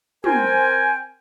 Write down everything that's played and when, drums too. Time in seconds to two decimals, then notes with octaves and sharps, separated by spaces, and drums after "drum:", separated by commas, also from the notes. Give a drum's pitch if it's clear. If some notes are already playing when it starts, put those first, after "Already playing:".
0.24 C4 A#4 C5 G5 G#5, drum: tom